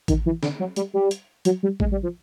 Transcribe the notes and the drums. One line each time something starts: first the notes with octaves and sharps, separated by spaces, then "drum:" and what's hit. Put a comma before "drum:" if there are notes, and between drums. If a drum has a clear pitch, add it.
D#3, drum: kick A1, hi-hat
E3
D3, drum: snare
F#3
G3, drum: hi-hat
G3
drum: hi-hat
F#3, drum: hi-hat
G3
G#3, drum: kick A1
G3
F3